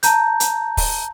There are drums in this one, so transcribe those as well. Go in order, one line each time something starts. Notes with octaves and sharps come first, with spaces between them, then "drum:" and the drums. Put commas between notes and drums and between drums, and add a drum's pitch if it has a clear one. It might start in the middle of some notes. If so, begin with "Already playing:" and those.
A5 A#5 G6, drum: hi-hat
drum: hi-hat
drum: kick, open hi-hat